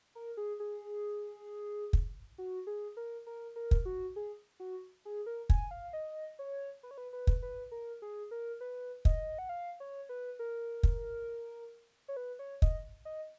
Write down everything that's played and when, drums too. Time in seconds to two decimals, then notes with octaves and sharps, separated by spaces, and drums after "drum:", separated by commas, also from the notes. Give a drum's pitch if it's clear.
0.15 A#4
0.37 G#4
0.60 G#4
1.93 drum: kick
2.38 F#4
2.67 G#4
2.97 A#4
3.27 A#4
3.56 A#4
3.71 drum: kick
3.85 F#4
4.16 G#4
4.60 F#4
5.05 G#4
5.26 A#4
5.50 G#5, drum: kick
5.71 F5
5.93 D#5
6.39 C#5
6.83 B4
6.91 C#5
6.98 B4
7.13 B4
7.27 drum: kick
7.42 B4
7.72 A#4
8.02 G#4
8.31 A#4
8.61 B4
9.05 D#5, drum: kick
9.39 F#5
9.49 F5
9.80 C#5
10.09 B4
10.39 A#4
10.83 drum: kick
12.08 C#5
12.17 B4
12.39 C#5
12.62 D#5, drum: kick
13.05 D#5